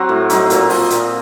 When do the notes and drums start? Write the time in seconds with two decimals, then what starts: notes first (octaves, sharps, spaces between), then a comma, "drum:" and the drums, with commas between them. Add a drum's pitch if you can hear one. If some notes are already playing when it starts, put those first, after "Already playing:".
Already playing: F#3 C4 F#5
0.09 A2
0.29 F#3 C4 D#4, drum: hi-hat
0.50 A#2, drum: hi-hat
0.70 F3 C4, drum: open hi-hat
0.90 A#2, drum: hi-hat